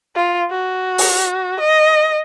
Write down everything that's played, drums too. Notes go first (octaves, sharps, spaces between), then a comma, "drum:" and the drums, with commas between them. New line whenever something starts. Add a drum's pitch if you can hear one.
F4
F#4
drum: open hi-hat
D#5